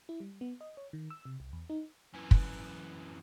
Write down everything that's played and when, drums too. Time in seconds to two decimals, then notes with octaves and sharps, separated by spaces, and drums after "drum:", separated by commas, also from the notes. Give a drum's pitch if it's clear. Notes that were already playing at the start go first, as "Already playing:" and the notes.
0.09 E4
0.20 G3
0.41 B3
0.61 D#5
0.77 C#5
0.93 D#3
1.10 E6
1.25 C3
1.40 C2
1.53 E2
1.70 D#4
2.14 F#2 E3
2.31 drum: kick